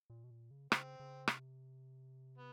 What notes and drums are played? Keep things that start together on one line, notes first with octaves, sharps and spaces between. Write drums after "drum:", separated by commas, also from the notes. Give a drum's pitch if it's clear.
A#2
B2
A#2
C#3
C#3 C4, drum: rim click
C#3
C3, drum: rim click
B3